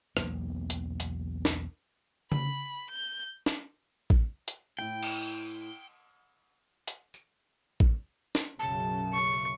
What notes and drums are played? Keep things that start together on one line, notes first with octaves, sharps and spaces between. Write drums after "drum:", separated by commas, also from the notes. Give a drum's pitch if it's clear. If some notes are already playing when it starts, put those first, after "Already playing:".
B1 E2 A#3, drum: rim click
drum: hi-hat
drum: hi-hat
drum: snare
B5, drum: tom C#3
G6
drum: snare
drum: kick A1
drum: hi-hat
A2 E4 G5
drum: cymbal
drum: hi-hat
drum: tambourine
drum: kick A1
drum: snare
B1 F#2 C#3 A5
C#6